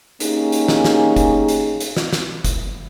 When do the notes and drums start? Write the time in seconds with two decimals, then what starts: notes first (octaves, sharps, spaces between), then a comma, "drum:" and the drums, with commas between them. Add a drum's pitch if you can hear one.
0.20 A#3 C#4 D#4 G4 G#4, drum: hi-hat
0.52 drum: hi-hat
0.68 drum: snare
0.84 drum: snare
1.16 drum: kick F#1, hi-hat
1.48 drum: hi-hat
1.80 drum: hi-hat
1.96 drum: snare
2.12 drum: snare
2.45 drum: kick F#1, hi-hat